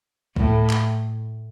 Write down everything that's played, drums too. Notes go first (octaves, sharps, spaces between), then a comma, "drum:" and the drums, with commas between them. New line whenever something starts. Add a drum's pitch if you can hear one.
A2, drum: kick
drum: clap